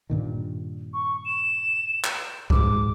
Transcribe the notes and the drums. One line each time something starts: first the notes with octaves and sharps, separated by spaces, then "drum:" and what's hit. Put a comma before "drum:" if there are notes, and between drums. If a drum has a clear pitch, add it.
G2 A#2 D#3
C#6
E7
drum: clap
G#2 D6, drum: kick